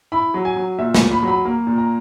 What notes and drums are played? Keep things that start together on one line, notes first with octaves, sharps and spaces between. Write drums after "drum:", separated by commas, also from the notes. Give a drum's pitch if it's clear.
E4 B5
F#3
G#5
F#3
A#2 E5
G#5, drum: snare
A#2
B5
F#3 B5
A#3
A#2
A#5